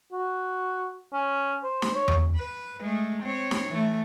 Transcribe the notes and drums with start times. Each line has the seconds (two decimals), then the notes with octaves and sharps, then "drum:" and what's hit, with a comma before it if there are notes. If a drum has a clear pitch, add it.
0.13 F#4
1.13 C#4
1.64 C5
1.82 drum: snare
1.95 C#5
2.08 drum: tom E2
2.36 B4
2.81 G#3 A3
3.23 C4 C#5
3.51 drum: snare
3.70 E3 A3